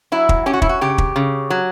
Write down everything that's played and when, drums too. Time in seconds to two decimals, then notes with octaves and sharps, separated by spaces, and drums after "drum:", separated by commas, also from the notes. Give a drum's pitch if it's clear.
0.12 F#3 E4
0.29 drum: kick
0.46 C#4 G4
0.53 F#4
0.62 E4, drum: kick
0.69 F#4
0.81 C#3 G4
0.98 drum: kick
1.16 C#3
1.50 F#3